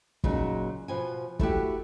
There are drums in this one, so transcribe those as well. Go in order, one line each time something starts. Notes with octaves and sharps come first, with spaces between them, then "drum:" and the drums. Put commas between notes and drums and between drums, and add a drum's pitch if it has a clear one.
A#2 C#3 F#3 A#3 D#4, drum: kick
B2 F3 G#5
A3 E4 F#4 G4, drum: kick